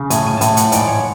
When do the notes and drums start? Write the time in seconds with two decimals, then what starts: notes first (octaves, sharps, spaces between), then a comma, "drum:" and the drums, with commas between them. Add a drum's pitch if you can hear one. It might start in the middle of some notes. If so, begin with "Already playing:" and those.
Already playing: C#3
0.10 A2 G#5, drum: hi-hat
0.26 G#5
0.37 A5
0.41 A2 G#5, drum: hi-hat
0.57 F#5, drum: hi-hat
0.72 G#2 D5, drum: hi-hat
0.88 C#5